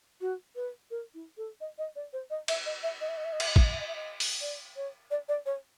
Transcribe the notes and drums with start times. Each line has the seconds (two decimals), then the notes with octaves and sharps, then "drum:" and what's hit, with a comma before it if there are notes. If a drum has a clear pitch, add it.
0.21 F#4
0.56 B4
0.91 A#4
1.14 E4
1.37 A4
1.61 D#5
1.78 D#5
1.96 D5
2.13 C5
2.30 D#5
2.48 E5, drum: cymbal
2.66 D#5
2.83 E5
3.01 D#5
3.09 E5
3.17 D#5
3.25 E5
3.33 D#5
3.40 E5, drum: cymbal
3.48 D#5
3.56 E5, drum: kick
3.64 D#5
3.72 E5
3.80 D#5
3.88 E5
3.96 D#5
4.20 drum: open hi-hat
4.41 D5
4.76 C#5
5.11 D5
5.29 D5
5.46 C#5